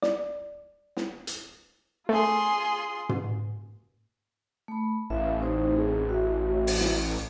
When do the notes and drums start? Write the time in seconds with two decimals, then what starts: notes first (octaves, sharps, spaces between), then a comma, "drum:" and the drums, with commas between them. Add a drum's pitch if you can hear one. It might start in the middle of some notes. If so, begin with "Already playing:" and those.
0.03 D5, drum: snare
0.97 drum: snare
1.27 drum: hi-hat
2.09 A3 F4 G#4 C6
3.09 drum: tom
4.68 A3 B5
5.10 A1 E5 F5
5.39 C4 D#4 C5
5.76 G#4
6.09 F#4 E5
6.67 drum: open hi-hat
6.80 drum: snare